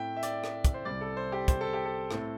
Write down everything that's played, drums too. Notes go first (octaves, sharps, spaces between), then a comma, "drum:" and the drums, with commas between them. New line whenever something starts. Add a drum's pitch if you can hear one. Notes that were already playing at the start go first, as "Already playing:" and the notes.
Already playing: A2 A3 C4 E5 G5
E5
D5, drum: hi-hat
drum: rim click
drum: kick, hi-hat
C5
C2 C3 G3 D5
A4
C5
G4
C5, drum: kick, hi-hat
A4
G4
A4
A2 A3 C4, drum: rim click